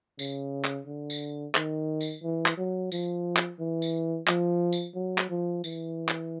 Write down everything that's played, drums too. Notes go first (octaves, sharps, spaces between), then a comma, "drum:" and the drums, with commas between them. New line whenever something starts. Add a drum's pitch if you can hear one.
C#3, drum: tambourine
drum: clap
D3
drum: tambourine
D#3, drum: clap
drum: tambourine
E3
drum: clap
F#3
F3, drum: tambourine
drum: clap
E3
drum: tambourine
F3, drum: clap
drum: tambourine
F#3
drum: clap
F3
E3, drum: tambourine
drum: clap